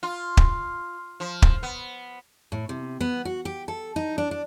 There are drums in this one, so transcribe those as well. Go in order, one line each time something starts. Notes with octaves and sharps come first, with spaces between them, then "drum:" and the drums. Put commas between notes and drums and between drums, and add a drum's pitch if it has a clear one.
F4
drum: kick
F3
drum: kick
B3
A2
C3
B3
F#4
G4
A4
D#4
D4
D4